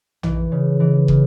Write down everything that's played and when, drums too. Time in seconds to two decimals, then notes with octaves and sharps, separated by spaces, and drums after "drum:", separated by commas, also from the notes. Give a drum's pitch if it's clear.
0.23 E3, drum: tom
0.52 C#3
0.80 E3
1.08 C#3, drum: kick